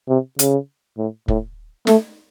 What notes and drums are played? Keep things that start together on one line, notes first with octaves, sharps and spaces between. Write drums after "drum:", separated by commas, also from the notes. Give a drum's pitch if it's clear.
C3
C#3, drum: hi-hat
A2
A2, drum: kick
A3, drum: snare